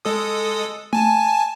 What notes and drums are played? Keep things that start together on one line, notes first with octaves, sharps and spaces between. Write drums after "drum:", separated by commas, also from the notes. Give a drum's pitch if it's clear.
G#3 A4 D#6
G#5 A5, drum: tom A3